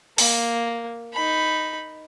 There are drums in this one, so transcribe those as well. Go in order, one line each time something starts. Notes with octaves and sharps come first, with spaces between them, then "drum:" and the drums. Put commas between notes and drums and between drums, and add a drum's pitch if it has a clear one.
A#3, drum: open hi-hat
D#4 B5